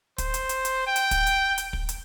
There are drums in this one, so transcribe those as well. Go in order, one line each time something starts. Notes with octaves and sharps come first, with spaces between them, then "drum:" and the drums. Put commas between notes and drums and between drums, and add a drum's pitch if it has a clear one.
C5, drum: kick, hi-hat
drum: hi-hat
drum: hi-hat
drum: hi-hat
G5
drum: hi-hat
drum: kick, hi-hat
drum: hi-hat
drum: hi-hat
drum: kick
drum: hi-hat